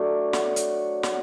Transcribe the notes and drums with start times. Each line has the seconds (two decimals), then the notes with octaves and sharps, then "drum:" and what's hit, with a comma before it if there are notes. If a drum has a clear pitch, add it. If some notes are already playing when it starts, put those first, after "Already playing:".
Already playing: F#3 A3 D4
0.33 F#5, drum: snare
0.56 drum: hi-hat
1.03 F#5, drum: snare